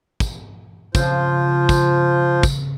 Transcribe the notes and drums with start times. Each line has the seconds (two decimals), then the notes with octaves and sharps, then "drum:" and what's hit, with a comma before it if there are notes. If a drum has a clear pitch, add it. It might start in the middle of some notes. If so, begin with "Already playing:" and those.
0.20 drum: kick, tambourine
0.95 C#3 F3 C4 F4 C5, drum: kick, tambourine
1.69 drum: kick, tambourine
2.43 drum: kick, tambourine